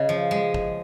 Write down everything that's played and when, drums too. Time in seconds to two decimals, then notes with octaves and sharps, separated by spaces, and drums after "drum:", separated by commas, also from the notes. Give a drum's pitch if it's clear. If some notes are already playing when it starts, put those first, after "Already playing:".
Already playing: C#3 D#5
0.09 F3
0.31 G#3
0.54 drum: kick G#1